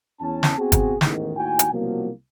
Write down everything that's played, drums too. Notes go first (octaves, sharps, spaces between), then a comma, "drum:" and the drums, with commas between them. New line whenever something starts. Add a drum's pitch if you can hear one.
E2 C#4 A5
drum: snare
B3 C4 F#4 G#4
drum: kick, hi-hat
A1 E2 G#2 D#3, drum: snare
D#2 A2 F#4 G5 G#5
drum: hi-hat
C2 B2 F3 F#3 A#3